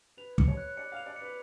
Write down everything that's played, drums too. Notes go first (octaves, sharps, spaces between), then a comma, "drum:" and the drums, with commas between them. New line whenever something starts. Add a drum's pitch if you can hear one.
B4 F7
C#7, drum: kick
C#5
F#6
D5 C#7
F5 F7
D5
B4 C#7